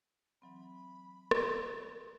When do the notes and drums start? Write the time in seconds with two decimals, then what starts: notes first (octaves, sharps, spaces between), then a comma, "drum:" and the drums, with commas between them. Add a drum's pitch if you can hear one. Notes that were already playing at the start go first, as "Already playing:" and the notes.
0.42 E3 F#3 C4 B5
1.31 drum: rim click